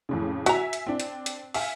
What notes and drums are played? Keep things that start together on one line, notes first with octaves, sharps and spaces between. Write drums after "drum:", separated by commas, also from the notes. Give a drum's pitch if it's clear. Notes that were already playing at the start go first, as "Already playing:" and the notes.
F2 A2 C#3
F#4 E5 G#5 A#5, drum: hi-hat
drum: hi-hat
C4 D4
drum: hi-hat
drum: hi-hat
E5 F5 G#5, drum: open hi-hat